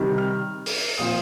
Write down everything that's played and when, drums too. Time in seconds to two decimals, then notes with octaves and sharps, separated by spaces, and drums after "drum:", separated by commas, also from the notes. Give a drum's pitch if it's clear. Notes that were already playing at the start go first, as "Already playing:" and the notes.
Already playing: C3 D#3 G3
0.18 F6
0.66 drum: open hi-hat
0.98 A#2 F3 C4 D#6